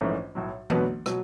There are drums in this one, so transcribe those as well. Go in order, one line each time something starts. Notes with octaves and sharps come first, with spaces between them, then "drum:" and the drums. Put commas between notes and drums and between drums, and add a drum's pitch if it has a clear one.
A#1 G#2 E3 A3 C#4
B1 A2 F#3
B1 B2 F#3 B3 D4, drum: tom E3
B2 F#3, drum: rim click